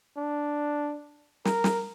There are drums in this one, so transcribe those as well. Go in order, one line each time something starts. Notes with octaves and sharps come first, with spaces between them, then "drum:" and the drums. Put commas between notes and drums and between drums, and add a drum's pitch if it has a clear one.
D4
A#4, drum: snare
drum: snare